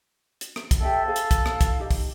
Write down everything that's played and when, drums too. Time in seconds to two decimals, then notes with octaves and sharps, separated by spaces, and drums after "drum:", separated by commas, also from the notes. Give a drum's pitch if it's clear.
0.41 drum: hi-hat
0.56 drum: rim click
0.71 drum: kick, hi-hat
0.81 G4 A4 D#5 E5 G5
1.06 G#4 C5 F5
1.16 drum: hi-hat
1.31 drum: kick, hi-hat
1.46 drum: rim click
1.61 E4, drum: kick, hi-hat
1.79 D#4 G4 D#5
1.91 drum: kick, open hi-hat